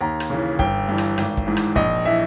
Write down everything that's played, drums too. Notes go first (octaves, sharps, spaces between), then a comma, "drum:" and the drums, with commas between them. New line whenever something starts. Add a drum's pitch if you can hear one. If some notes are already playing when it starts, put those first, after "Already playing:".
D#2 A#5
drum: rim click
C#3 E3
G1 G5, drum: kick
G2 E3
drum: rim click
G#1, drum: rim click
drum: kick
G#2 E3
drum: rim click
A#1 D#5, drum: kick
E3 E5